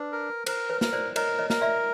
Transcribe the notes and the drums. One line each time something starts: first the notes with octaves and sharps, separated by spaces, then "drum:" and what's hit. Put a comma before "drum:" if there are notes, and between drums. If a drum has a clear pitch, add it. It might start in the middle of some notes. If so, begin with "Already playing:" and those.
Already playing: D4 B4
A#4
A#4 C5, drum: cymbal
B4 C#5
A#4, drum: snare
C5 D5
A#4 C#5 D#5, drum: cymbal
C#5 D#5
A#4, drum: snare
D5 E5